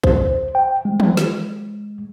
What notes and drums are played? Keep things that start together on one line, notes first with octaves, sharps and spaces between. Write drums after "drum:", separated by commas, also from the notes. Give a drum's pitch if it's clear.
C5, drum: kick
G5
G#3
drum: tom
drum: snare